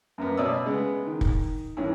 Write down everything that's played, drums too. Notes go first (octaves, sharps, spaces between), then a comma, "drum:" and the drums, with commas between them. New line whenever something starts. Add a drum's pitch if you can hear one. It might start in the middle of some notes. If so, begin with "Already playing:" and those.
F#2 A#3 B3
B2 C#4 D5 E5 D#6 E6
C#3 G#3 B3
D#3
drum: kick
G2 D#3 E3 C#4 D4